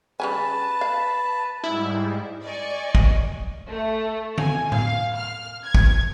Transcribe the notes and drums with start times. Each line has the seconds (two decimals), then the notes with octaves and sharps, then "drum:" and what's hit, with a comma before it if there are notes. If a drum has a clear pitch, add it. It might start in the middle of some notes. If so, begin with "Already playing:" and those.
0.20 C#3 G3 B4 G#5 A5
0.81 F5
1.64 G#2 G3 G#3 E4
2.45 D5 D#5 G#5 C#6
2.95 drum: kick
3.69 A3
4.38 G#5, drum: tom D3
4.72 F5, drum: tom A2
5.16 F6
5.64 G#6
5.75 drum: kick